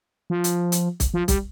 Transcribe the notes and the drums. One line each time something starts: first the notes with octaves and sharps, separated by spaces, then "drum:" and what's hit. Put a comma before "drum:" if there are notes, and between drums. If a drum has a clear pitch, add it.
F3
drum: hi-hat
drum: hi-hat
drum: kick, hi-hat
F3
G3, drum: kick, hi-hat